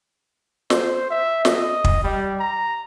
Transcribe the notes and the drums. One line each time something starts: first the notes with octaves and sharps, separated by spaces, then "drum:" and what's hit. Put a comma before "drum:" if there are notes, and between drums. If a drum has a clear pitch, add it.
C5, drum: snare
E5
D#5, drum: snare
drum: kick
G3
A#5